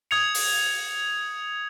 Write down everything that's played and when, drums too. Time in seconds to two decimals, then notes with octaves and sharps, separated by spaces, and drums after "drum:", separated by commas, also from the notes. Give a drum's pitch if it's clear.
0.11 D#6 G#6 C#7 F7
0.34 drum: open hi-hat